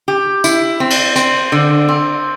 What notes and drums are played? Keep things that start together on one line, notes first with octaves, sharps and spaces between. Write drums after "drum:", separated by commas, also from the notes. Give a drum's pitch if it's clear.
G4
E4, drum: tambourine
C4
drum: cymbal
C4, drum: hi-hat
D3
C4